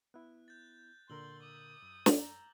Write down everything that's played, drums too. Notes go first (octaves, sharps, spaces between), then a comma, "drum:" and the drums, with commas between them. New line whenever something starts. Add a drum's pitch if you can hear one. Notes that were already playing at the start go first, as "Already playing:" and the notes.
B3 E4 F#6
G6 A6
A#2 D3 A#4 C6 E6 F#7 G7
D6 D#6
F#2
drum: snare
A#5